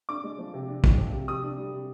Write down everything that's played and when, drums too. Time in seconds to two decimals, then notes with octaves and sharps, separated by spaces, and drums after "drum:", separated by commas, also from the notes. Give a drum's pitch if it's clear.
0.09 D4 D6
0.24 G#3
0.39 F3
0.54 C3
0.68 D4
0.84 G#3, drum: kick
0.98 F3
1.13 C3
1.28 C3 D#6
1.43 D4
1.58 G3
1.73 C3